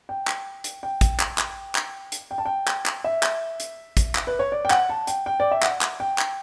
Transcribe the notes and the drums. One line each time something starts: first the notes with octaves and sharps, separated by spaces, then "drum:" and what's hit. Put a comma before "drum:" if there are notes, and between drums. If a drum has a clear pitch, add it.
G5
drum: clap
drum: hi-hat
G5
drum: kick A1, hi-hat
drum: clap
drum: clap
drum: clap
drum: hi-hat
G5
A5
G5
drum: clap
drum: clap
E5
drum: clap
drum: hi-hat
drum: kick A1, hi-hat
drum: clap
B4
C#5
D5
G5
F#5, drum: clap
A5
G5, drum: hi-hat
G5
D5
E5
F#5, drum: clap
drum: clap
G5
drum: clap